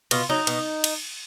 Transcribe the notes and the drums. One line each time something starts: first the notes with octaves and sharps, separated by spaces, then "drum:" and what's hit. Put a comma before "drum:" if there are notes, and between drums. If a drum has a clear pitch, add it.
B2 F4, drum: cymbal
F#3 D#4
B2, drum: cymbal
drum: cymbal